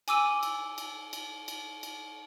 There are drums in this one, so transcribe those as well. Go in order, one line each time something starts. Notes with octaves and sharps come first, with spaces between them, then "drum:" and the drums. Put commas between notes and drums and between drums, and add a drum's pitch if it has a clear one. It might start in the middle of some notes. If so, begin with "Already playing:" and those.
G#5 D6 E6 D#7, drum: cymbal
drum: cymbal
drum: cymbal
drum: cymbal
drum: cymbal
drum: cymbal